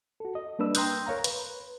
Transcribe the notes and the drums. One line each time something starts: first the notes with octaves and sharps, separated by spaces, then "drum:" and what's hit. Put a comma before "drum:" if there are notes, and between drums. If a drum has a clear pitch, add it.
F#4 A4
D#5
G3 A#3 D4 B4 E6
G5 A#5 C6 D#6 F#6 G6, drum: hi-hat
A#4 C#5 F5 A#5
B4, drum: hi-hat